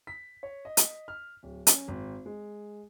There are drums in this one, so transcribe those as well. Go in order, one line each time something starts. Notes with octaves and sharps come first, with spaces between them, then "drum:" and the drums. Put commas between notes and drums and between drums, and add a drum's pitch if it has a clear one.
B6
C#5
D#5
drum: hi-hat
F6
D1
C#4, drum: hi-hat
G#1
G#3